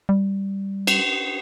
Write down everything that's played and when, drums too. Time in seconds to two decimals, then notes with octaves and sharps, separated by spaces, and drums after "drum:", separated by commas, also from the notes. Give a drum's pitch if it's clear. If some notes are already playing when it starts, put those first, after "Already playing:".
0.09 G3
0.87 drum: cymbal